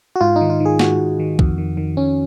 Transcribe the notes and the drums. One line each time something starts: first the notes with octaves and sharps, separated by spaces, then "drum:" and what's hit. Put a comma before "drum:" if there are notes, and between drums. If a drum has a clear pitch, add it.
F#4
G#2 F4
D#4
D#3
F4
D#3
G#4
G#2 F#4, drum: snare
G#2
D#3
F2, drum: kick
D#3
D#3
F2 C#4